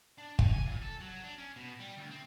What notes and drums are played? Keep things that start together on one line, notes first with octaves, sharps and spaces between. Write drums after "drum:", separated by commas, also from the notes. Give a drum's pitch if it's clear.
D4
D3, drum: kick
G#5
A#2
A4
F#3
D4
C#4
B2
G3
D2
C4